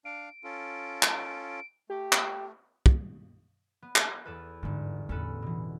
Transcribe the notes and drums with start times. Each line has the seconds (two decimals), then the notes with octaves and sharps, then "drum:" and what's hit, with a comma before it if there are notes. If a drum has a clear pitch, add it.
0.05 D4 F5 D7
0.44 C#4 F4 A4
1.02 drum: clap
1.90 A3 G4
2.12 drum: clap
2.86 drum: kick
3.82 B3
3.96 drum: clap
4.25 E2 A4 B4
4.63 G1 G#2 G#3
5.09 E2 A2 C#4 A4 B4
5.42 B2 E3